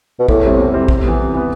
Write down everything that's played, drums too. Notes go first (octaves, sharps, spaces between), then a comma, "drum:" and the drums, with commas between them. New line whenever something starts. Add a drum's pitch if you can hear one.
B2
E2 A2, drum: kick
C3 G3 C4 E4
E2
C3 G3 C4 E4
C3, drum: kick
E3 B3
C3
E3 B3